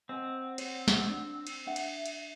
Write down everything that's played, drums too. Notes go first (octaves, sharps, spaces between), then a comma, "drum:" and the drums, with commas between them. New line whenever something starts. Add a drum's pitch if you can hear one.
C4 D#5 F#5 G#5
C#5, drum: cymbal
drum: snare
D4
drum: cymbal
D4 E5 F#5
drum: cymbal
drum: cymbal